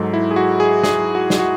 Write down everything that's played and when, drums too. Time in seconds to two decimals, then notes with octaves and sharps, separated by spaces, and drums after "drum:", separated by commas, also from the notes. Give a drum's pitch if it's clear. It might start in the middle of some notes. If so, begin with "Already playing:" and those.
Already playing: G#2 F#3 A4
0.14 E4
0.31 G#4
0.36 F#4
0.60 G#4
0.83 G#4, drum: snare
1.15 F#4
1.30 drum: snare
1.39 F#4